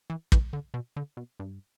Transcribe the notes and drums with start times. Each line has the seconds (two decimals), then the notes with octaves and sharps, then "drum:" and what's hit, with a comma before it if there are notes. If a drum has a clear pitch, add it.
0.10 E3
0.32 E3, drum: kick
0.53 D3
0.74 B2
0.97 D3
1.17 B2
1.40 G2